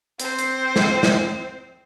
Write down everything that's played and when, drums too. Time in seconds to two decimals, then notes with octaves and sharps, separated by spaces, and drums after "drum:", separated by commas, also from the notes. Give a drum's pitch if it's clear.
0.20 C4 C5, drum: hi-hat
0.39 drum: hi-hat
0.76 drum: snare
1.03 drum: snare